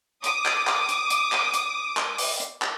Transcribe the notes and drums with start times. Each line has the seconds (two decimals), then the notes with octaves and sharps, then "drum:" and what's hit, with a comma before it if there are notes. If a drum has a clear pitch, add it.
0.24 D6 D#6, drum: hi-hat
0.46 drum: clap
0.67 drum: clap
0.89 drum: hi-hat
1.10 drum: hi-hat
1.32 drum: clap
1.54 drum: hi-hat
1.97 drum: clap
2.18 drum: open hi-hat
2.40 drum: hi-hat
2.62 drum: clap